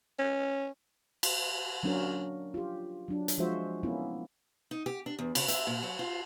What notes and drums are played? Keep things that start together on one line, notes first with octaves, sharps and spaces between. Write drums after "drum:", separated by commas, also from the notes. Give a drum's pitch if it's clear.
C#4
drum: cymbal
F#3 A#3 C#4 D4 F#4 A#4
F4 G4
F#3 D4
drum: hi-hat
F3 G#3 F4 F#4 C5 E5
A#3 B3 C#4 E4
D#4
G4
D4
E2
C#3, drum: cymbal
E5, drum: hi-hat
A#2
F#3
F4